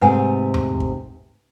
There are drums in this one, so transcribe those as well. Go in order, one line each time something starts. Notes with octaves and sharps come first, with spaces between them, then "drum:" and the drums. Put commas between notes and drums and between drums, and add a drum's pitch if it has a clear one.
G#2 C3 A3 B4 F#5 G#5
drum: tom E2
drum: kick